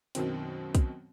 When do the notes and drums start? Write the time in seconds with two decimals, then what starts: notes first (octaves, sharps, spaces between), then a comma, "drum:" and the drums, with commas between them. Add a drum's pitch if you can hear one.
0.15 F#2 B2 D#3 C4, drum: hi-hat
0.75 drum: kick, hi-hat